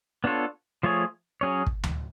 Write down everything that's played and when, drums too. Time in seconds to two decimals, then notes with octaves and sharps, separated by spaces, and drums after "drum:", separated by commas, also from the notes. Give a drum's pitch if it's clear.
0.24 B3 D4 F4 A4 C#5
0.83 F3 A3 F4 G#4 C#5
1.41 F#3 C#4 G#4 C#5
1.67 drum: kick
1.83 drum: tom D2